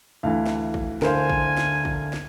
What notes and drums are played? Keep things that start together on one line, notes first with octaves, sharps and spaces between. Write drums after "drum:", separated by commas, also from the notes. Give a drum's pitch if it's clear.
D2 E3 F5
drum: snare
drum: kick
D3 A#4 C5 F5 G#5, drum: snare
drum: kick
drum: snare
drum: kick
drum: snare